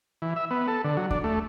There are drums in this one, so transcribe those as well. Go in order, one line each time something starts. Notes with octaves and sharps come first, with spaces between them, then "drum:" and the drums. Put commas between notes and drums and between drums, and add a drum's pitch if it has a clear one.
E3
E5
B3
A4
D3
F#3
D4, drum: kick D#2
A3